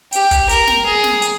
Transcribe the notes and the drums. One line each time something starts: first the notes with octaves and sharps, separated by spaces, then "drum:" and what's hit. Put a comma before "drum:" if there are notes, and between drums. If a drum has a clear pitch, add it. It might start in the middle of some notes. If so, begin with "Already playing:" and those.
G4, drum: hi-hat
drum: kick, hi-hat
A#4, drum: hi-hat
drum: snare
G#4
drum: snare
drum: hi-hat